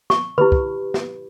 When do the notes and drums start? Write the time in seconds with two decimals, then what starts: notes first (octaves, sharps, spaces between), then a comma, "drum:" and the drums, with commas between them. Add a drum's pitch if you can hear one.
0.10 C#6, drum: snare
0.38 E4 G4 B4 B5, drum: tom D3
0.52 drum: kick
0.94 drum: snare